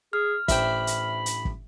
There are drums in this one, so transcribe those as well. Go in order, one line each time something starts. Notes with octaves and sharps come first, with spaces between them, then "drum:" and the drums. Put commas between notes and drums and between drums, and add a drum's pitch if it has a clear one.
G#4 F6
A1 D4 C5 E5 G5 B5, drum: kick, hi-hat
drum: hi-hat
drum: hi-hat
drum: kick